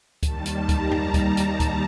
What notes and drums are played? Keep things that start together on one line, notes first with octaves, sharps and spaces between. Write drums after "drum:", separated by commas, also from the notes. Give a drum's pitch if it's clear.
D#2 D#3 G3 A5, drum: kick C#2, hi-hat
drum: hi-hat
A#5, drum: kick C#2, hi-hat
drum: tom F#2
A#5, drum: kick C#2, hi-hat
drum: hi-hat
drum: kick C#2, hi-hat